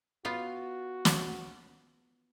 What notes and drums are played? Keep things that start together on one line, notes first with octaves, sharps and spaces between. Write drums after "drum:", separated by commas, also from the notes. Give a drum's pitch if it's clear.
B3 F4 F#4
drum: snare